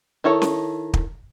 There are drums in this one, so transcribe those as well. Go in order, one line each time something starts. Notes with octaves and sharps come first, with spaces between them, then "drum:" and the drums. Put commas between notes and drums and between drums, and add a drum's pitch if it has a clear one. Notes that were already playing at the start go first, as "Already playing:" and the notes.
D#3 E4 A4 C#5
drum: snare C#4
drum: kick